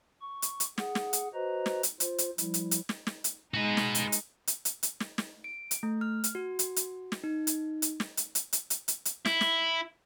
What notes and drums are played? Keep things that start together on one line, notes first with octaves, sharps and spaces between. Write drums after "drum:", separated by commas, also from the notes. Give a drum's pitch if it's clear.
C#6
drum: hi-hat
drum: hi-hat
G#4 F#5, drum: snare
drum: snare
drum: hi-hat
F#4 B4 C5 D#5 A#5
drum: snare
drum: hi-hat
F4 C5, drum: hi-hat
drum: hi-hat
F3 G3 E4, drum: hi-hat
drum: hi-hat
drum: hi-hat
drum: snare
drum: snare
drum: hi-hat
G#3 D#4 F#4 B4
drum: snare
drum: hi-hat
drum: hi-hat
drum: hi-hat
drum: hi-hat
drum: hi-hat
drum: snare
drum: snare
D7
drum: hi-hat
A3
F6
drum: hi-hat
F#4
drum: hi-hat
drum: hi-hat
drum: snare
D#4
drum: hi-hat
drum: hi-hat
drum: snare
drum: hi-hat
drum: hi-hat
drum: hi-hat
drum: hi-hat
drum: hi-hat
drum: hi-hat
E4, drum: snare
drum: snare